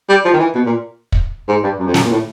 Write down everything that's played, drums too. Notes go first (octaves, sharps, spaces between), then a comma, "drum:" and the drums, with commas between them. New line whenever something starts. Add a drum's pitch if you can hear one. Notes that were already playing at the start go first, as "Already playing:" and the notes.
G3
F3
D#3
E3
B2
A#2
drum: kick
G#2
G2
F#2
F2
F#2, drum: snare
A#2
A2